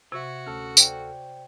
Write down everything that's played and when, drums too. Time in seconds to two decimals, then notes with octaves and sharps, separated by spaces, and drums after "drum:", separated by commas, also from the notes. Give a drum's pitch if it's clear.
0.12 C3 F#4 E5 C#6 G#6
0.46 D2 C#4 A4 F6
0.77 C5 D5 G5, drum: tambourine